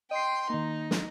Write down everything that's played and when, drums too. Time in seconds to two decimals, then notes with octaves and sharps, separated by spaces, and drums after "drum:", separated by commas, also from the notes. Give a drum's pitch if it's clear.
0.11 D#5 G5 C6 C7
0.50 D#3 A#3 D#4
0.91 drum: snare